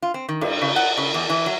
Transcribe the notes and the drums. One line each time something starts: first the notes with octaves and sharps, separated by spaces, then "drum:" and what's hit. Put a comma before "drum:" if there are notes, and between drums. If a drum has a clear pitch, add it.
F4
C4
D#3
G2, drum: cymbal
C#3
F#5
C#3
E2
E3
F#3